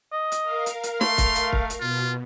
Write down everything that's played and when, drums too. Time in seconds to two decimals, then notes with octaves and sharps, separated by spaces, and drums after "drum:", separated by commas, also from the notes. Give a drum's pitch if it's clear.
0.12 D#5
0.32 drum: hi-hat
0.42 A#4 F5
0.66 drum: hi-hat
0.83 drum: hi-hat
1.01 A3 C6, drum: snare
1.18 drum: kick, hi-hat
1.35 drum: hi-hat
1.53 drum: kick
1.70 drum: hi-hat
1.80 B2 F4